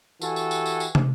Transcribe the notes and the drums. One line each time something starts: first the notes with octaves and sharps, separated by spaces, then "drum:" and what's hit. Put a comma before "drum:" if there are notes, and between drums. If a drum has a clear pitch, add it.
E3 F#4 G4 A4 G#5, drum: tambourine
drum: tambourine
drum: tambourine
drum: tambourine
drum: tambourine
drum: tom